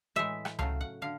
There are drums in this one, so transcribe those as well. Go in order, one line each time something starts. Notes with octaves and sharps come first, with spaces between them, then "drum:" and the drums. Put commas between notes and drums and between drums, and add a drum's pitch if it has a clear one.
A2 E3 G#3 E5
drum: rim click
C#3 F#3 A3 F5, drum: tom C#2
F#5
D3 F5